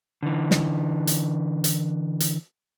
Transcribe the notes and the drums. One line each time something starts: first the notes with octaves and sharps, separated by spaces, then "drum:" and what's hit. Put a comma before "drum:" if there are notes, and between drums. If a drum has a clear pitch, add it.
D3 E3
drum: snare
drum: hi-hat
drum: hi-hat
drum: hi-hat